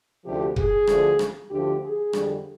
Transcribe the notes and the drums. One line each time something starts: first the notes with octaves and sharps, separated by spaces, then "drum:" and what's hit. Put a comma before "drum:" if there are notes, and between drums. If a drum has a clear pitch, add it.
D2 C3 F3 G4
G#4, drum: kick
D2 D3 F3, drum: rim click
drum: rim click
D2 D3 F3 G4
G#4
F2 D3 G3, drum: rim click